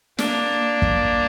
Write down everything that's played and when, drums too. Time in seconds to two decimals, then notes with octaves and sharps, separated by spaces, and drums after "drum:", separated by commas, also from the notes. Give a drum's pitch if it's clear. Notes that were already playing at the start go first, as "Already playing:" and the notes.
0.18 A#3 D4, drum: snare
0.82 drum: kick